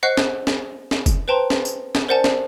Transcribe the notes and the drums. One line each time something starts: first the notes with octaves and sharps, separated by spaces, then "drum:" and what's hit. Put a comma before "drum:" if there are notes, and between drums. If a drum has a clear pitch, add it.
C5 D#5 F#5 C#6 F#6 C7
drum: snare
drum: snare
drum: snare
drum: kick, tambourine
B4 C5 G5 A5 A#5 C6
drum: snare
drum: tambourine
drum: snare
A#4 C5 D5 F#5 G#5 A5
drum: snare